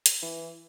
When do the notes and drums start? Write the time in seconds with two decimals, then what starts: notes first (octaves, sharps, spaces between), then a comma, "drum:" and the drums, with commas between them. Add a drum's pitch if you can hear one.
0.06 drum: hi-hat
0.23 E3